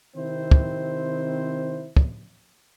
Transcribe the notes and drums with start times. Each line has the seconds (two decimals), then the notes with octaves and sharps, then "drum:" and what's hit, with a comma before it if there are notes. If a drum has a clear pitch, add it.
0.15 C3 D#3 C4 E4 C5
0.51 drum: kick
1.97 drum: kick